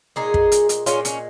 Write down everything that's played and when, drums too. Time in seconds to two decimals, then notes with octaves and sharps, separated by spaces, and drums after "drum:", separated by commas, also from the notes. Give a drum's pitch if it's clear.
0.16 A#2 G#3 D#4 G#4
0.34 drum: kick
0.52 drum: hi-hat
0.69 drum: hi-hat
0.86 A#2 G#3 C#4 F4, drum: hi-hat
1.05 C#4, drum: hi-hat